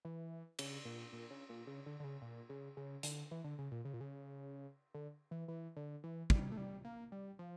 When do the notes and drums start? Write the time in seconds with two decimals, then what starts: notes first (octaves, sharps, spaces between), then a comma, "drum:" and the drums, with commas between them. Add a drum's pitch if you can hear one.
0.05 E3
0.59 C#3, drum: cymbal
0.85 A#2
1.13 A#2
1.31 C#3
1.49 A#2
1.67 C#3
1.86 D3
2.00 D3
2.04 C#3
2.22 A#2
2.49 C#3
2.77 C#3
3.03 D3, drum: hi-hat
3.31 E3
3.44 D3
3.58 C#3
3.72 A#2
3.85 C#3
3.93 A#2
4.01 C#3
4.94 D3
5.31 E3
5.48 E3
5.77 D3
6.04 E3
6.30 G3, drum: kick
6.52 A3
6.57 G3
6.85 A#3
7.12 G3
7.39 F3